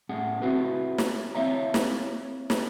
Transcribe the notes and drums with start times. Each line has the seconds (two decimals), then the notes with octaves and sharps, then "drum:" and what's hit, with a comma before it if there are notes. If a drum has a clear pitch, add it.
0.09 A2 C#4 G#4 F#5
0.42 C4 E4 F#4 G#4 B4
0.98 drum: snare
1.35 C4 E4 C#5 E5 F5 A#5
1.74 drum: snare
2.50 drum: snare